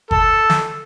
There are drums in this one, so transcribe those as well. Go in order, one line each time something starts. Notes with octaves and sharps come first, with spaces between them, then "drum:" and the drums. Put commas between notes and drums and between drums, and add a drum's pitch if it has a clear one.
A4, drum: kick G1
drum: snare